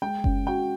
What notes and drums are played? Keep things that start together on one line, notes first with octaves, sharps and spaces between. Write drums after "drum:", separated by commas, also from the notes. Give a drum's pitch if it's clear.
G#3 G5
C#4, drum: kick F#1
F#4 G5